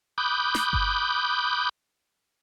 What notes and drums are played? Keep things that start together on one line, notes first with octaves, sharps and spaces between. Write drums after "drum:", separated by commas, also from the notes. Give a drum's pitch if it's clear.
B5 D6 D#6 F#6 G6
drum: snare
drum: kick G1